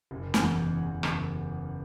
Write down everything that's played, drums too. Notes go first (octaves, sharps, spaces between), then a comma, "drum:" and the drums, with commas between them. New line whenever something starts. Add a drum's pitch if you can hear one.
F#1
E2 C#3, drum: snare
F#1
E2 C#3
F#1, drum: rim click